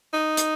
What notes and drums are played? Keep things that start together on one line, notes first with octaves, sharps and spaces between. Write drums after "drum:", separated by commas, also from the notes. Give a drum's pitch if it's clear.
D#4
drum: hi-hat